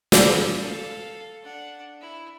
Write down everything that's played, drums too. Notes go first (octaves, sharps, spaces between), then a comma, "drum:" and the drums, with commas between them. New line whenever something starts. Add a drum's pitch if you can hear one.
G#4, drum: snare
A4 F5
D4 F#5
E4